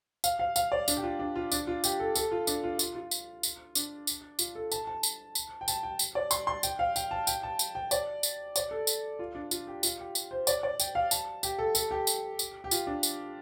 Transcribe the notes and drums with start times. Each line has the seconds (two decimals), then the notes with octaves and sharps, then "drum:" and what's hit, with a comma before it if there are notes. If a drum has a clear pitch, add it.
0.24 F5, drum: tambourine
0.39 F5
0.56 F5, drum: tambourine
0.72 D5
0.88 D4, drum: tambourine
0.97 G4
1.03 F4
1.19 D4
1.36 F4
1.52 D4, drum: tambourine
1.67 F4
1.84 G4, drum: tambourine
2.00 A4
2.15 A4, drum: tambourine
2.31 F4
2.47 D4, drum: tambourine
2.64 F4
2.79 F4, drum: tambourine
2.95 F4
3.11 drum: tambourine
3.43 drum: tambourine
3.75 D4, drum: tambourine
4.07 drum: tambourine
4.39 F4, drum: tambourine
4.55 A4
4.72 A5, drum: tambourine
4.87 A5
5.03 drum: tambourine
5.35 drum: tambourine
5.61 G5
5.68 A5, drum: tambourine
5.83 G5
5.99 drum: tambourine
6.15 D5
6.31 C6, drum: tambourine
6.47 C6
6.63 G5, drum: tambourine
6.79 F5
6.96 G5, drum: tambourine
7.11 A5
7.27 G5, drum: tambourine
7.43 A5
7.59 drum: tambourine
7.75 G5
7.91 D5, drum: tambourine
8.23 drum: tambourine
8.56 D5, drum: tambourine
8.71 A4
8.87 drum: tambourine
9.19 F4
9.35 D4
9.51 F4, drum: tambourine
9.67 G4
9.83 F4, drum: tambourine
9.99 G4
10.15 drum: tambourine
10.31 C5
10.47 D5, drum: tambourine
10.63 D5
10.80 G5, drum: tambourine
10.95 F5
11.11 A5, drum: tambourine
11.43 G4, drum: tambourine
11.59 A4
11.75 A4, drum: tambourine
11.91 G4
12.07 drum: tambourine
12.39 drum: tambourine
12.64 G4
12.71 F4, drum: tambourine
12.87 D4
13.03 drum: tambourine